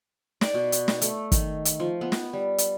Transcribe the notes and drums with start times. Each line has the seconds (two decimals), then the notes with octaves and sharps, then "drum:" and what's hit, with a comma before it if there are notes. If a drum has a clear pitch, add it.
0.41 D5, drum: snare
0.54 B2
0.72 drum: hi-hat
0.88 drum: snare
1.02 A3, drum: hi-hat
1.32 D#3, drum: kick, hi-hat
1.65 drum: hi-hat
1.80 F3
2.01 B3
2.12 drum: snare
2.33 G3
2.58 drum: hi-hat